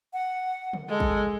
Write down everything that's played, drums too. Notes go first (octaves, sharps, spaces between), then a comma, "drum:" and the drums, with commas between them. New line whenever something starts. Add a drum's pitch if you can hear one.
F#5
drum: tom C#3
G#3 A4
drum: kick